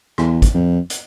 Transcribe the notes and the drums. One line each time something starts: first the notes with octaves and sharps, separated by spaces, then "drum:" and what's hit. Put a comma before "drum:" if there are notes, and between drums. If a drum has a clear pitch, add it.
E2, drum: rim click
drum: kick, hi-hat
F2
drum: hi-hat